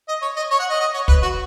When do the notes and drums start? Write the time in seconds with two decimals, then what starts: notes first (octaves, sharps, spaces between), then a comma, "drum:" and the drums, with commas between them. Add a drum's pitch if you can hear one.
0.08 D#5
0.22 C#5
0.36 D#5
0.51 C#5
0.60 F#5
0.70 D#5
0.80 D#5
0.94 C#5
1.08 B4, drum: kick
1.22 F#4